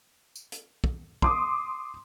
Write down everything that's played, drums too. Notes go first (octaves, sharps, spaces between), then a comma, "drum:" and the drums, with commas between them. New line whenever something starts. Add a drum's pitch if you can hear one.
drum: tambourine
drum: hi-hat
drum: kick
C6 D6 D#6, drum: kick